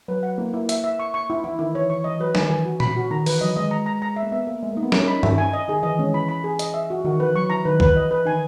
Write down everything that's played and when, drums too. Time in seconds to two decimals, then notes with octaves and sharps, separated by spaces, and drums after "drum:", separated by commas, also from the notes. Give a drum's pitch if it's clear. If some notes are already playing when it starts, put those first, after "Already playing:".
0.08 F#3 B4
0.23 F#5
0.38 A#3 E4
0.53 A#3 E4
0.69 E5, drum: hi-hat
0.84 E5
0.99 C#6
1.14 C#6
1.30 E4
1.44 E3 E4
1.59 D#3 E4
1.74 E3 C#5
1.90 E3 C#6
2.04 E3 D#5
2.20 F#3 B4
2.35 D#3 G#5, drum: snare
2.50 E3 G#5
2.65 F#4
2.80 B5, drum: tom A#2
2.96 F#4
3.11 D#3 A#5
3.26 E3 B4, drum: open hi-hat
3.41 F#3 D#5
3.57 G#3 D#5
3.71 A#5
3.86 A#5
4.02 A#5
4.16 E5
4.23 A#3
4.32 B3 E5
4.47 A#3 A#4
4.63 G#3 E5
4.73 A#3 D#4
4.83 B3
4.92 C#4 A#4, drum: snare
5.07 D#4 B5
5.23 E5, drum: tom G2
5.38 G#5
5.53 D#5
5.68 D#3 G#4
5.83 E3 D#5
5.99 G#3 C#4
6.14 E3 B5
6.29 E3 B5
6.44 G#4
6.59 D#5, drum: hi-hat
6.74 E5
6.90 F#4
7.04 D#3 F#4
7.20 E3 B4
7.35 F#3 C#6
7.50 E3 A#5
7.65 D#3 B4
7.76 D#3
7.80 E3 B4, drum: kick B1
7.95 E3 D#5
8.11 E3 B4
8.25 D#3 G#5